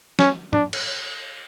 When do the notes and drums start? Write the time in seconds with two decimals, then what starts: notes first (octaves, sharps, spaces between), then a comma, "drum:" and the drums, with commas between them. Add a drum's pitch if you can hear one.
0.19 C#4, drum: snare
0.53 D4, drum: tom
0.73 drum: cymbal